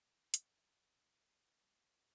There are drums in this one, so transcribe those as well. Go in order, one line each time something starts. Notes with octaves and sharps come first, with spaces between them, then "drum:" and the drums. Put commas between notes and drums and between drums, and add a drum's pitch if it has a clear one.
B4
F#5, drum: hi-hat
A#5
F#3
F2
A2
D#5
E4
G3
B3
A3